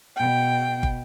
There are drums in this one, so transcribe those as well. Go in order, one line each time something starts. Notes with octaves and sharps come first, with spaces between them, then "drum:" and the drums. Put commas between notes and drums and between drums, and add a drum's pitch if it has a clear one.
B2 G5
drum: kick